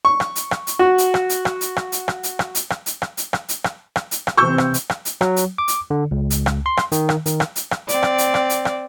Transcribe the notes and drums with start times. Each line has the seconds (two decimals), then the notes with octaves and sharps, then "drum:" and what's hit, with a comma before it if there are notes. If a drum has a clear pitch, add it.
0.05 C#6
0.20 drum: rim click
0.36 drum: hi-hat
0.51 drum: rim click
0.67 drum: hi-hat
0.79 F#4
0.98 drum: hi-hat
1.14 drum: rim click
1.29 drum: hi-hat
1.45 drum: rim click
1.61 drum: hi-hat
1.76 drum: rim click
1.92 drum: hi-hat
2.08 drum: rim click
2.23 drum: hi-hat
2.39 drum: rim click
2.55 drum: hi-hat
2.70 drum: rim click
2.86 drum: hi-hat
3.02 drum: rim click
3.17 drum: hi-hat
3.33 drum: rim click
3.49 drum: hi-hat
3.64 drum: rim click
3.96 drum: rim click
4.11 drum: hi-hat
4.27 drum: rim click
4.37 C3 E3 C4 C#6 E6 G6
4.58 drum: rim click
4.74 drum: hi-hat
4.90 drum: rim click
5.05 drum: hi-hat
5.21 F#3, drum: rim click
5.36 drum: hi-hat
5.58 D6
5.68 drum: hi-hat
5.90 D3
6.11 C#2
6.30 drum: hi-hat
6.46 drum: rim click
6.66 C6
6.77 drum: rim click
6.92 D#3, drum: hi-hat
7.09 drum: rim click
7.26 D#3, drum: hi-hat
7.40 drum: rim click
7.56 drum: hi-hat
7.71 drum: rim click
7.89 C4 D5, drum: hi-hat
8.03 drum: rim click
8.18 drum: hi-hat
8.34 drum: rim click
8.50 drum: hi-hat
8.65 drum: rim click